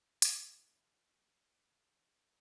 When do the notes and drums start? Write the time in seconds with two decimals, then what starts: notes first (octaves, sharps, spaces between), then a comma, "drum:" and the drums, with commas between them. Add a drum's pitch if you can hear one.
0.22 G2 E4, drum: hi-hat